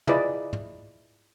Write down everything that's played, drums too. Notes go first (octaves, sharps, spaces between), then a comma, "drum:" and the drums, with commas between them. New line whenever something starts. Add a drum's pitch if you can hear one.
E4 F4 G#4 B4 D5 D#5, drum: tom
drum: tom